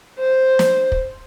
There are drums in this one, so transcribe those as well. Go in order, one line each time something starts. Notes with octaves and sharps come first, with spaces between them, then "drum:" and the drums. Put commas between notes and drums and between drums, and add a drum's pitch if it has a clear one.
C5
drum: snare
drum: kick